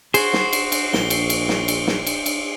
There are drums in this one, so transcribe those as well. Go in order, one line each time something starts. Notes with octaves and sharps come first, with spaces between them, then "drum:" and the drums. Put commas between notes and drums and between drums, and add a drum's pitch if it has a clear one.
F#4 G#4 C5 C7, drum: cymbal
drum: snare
drum: cymbal
drum: cymbal
A#1 G7, drum: snare
drum: cymbal
drum: cymbal
drum: snare
drum: cymbal
drum: snare
drum: cymbal
drum: cymbal